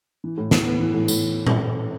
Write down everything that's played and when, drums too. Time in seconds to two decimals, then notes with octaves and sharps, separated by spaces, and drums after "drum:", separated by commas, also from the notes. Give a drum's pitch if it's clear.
0.24 E3
0.37 A2
0.51 A2, drum: snare
0.65 B3
0.80 E3
0.94 A2
1.08 A2, drum: tambourine
1.47 drum: tom A#2